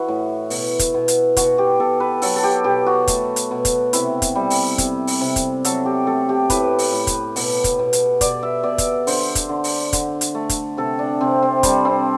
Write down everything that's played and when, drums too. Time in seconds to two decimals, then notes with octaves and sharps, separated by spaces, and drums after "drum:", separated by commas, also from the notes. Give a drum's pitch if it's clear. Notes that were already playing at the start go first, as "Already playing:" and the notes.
Already playing: E3 E4 F#4
0.08 A2
0.50 B2, drum: open hi-hat
0.79 drum: kick, hi-hat
0.94 B2
1.08 drum: hi-hat
1.37 B2 F#4, drum: kick, hi-hat
1.58 G4
1.80 B2 A4
2.00 B4
2.22 F#3 A4, drum: open hi-hat
2.36 A4
2.43 G4
2.64 B2 G4
2.86 F#4
3.08 A3, drum: kick, hi-hat
3.36 drum: hi-hat
3.51 B2
3.65 drum: kick, hi-hat
3.93 C3 E4, drum: hi-hat
4.22 drum: kick, hi-hat
4.35 G3
4.50 drum: open hi-hat
4.78 C3, drum: kick, hi-hat
5.07 drum: open hi-hat
5.21 C3
5.36 drum: kick, hi-hat
5.65 F#3 A4, drum: hi-hat
5.85 G4
6.07 A3 A4
6.29 G4
6.50 A2 B4, drum: kick, hi-hat
6.79 drum: open hi-hat
6.92 A2
7.07 drum: kick, hi-hat
7.36 B2, drum: open hi-hat
7.64 drum: kick, hi-hat
7.79 B2
7.93 drum: hi-hat
8.21 B2 D5, drum: kick, hi-hat
8.43 E5
8.63 B2 D5
8.78 drum: kick, hi-hat
9.07 D3 C5, drum: open hi-hat
9.35 drum: kick, hi-hat
9.49 D3
9.64 drum: open hi-hat
9.93 D3, drum: kick, hi-hat
10.21 drum: hi-hat
10.35 A3
10.49 drum: kick, hi-hat
10.77 C3 A4
10.99 D4
11.21 C3 C4
11.42 C4
11.63 G3 D4, drum: kick, hi-hat
11.85 C4